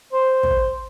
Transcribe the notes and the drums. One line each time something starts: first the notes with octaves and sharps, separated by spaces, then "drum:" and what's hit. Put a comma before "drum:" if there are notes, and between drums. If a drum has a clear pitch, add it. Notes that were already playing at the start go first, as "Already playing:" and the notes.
C5
drum: kick